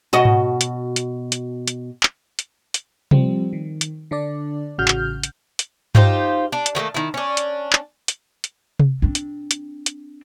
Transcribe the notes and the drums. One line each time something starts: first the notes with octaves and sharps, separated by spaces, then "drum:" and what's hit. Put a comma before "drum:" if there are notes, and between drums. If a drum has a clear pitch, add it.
B2 F#4 D#5
drum: tom G#2
drum: hi-hat
drum: hi-hat
drum: hi-hat
drum: hi-hat
drum: clap
drum: hi-hat
drum: hi-hat
F3 G3 C4, drum: tom C3
D#3
drum: hi-hat
D3 D4 D5
A1 C#3 F#4 F6 G6
drum: clap
drum: hi-hat
drum: hi-hat
D#4 F4 G4 C5, drum: tom G2
D4
drum: hi-hat
D#3 F#3 A3 A#3
D#3 E4
C#4 D4
drum: hi-hat
drum: clap
drum: hi-hat
drum: hi-hat
drum: tom C3
C4 D4
drum: hi-hat
drum: hi-hat
drum: hi-hat